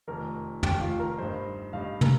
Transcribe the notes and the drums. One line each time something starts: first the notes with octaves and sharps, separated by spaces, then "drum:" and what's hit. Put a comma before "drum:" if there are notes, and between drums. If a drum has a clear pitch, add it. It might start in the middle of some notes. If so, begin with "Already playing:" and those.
F1 F2 D#3 A#4
F1 F2 D#3 G4, drum: tom
F4
A#4
G2 G3 D#4 C5
G2 G3 D#4 F5
A#4, drum: tom